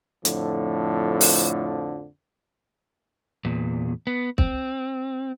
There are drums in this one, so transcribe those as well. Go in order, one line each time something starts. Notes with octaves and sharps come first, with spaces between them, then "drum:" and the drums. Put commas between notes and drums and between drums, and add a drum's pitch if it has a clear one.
F2 A2 D3 F3, drum: hi-hat
drum: open hi-hat
E2 A#2
B3
C4, drum: kick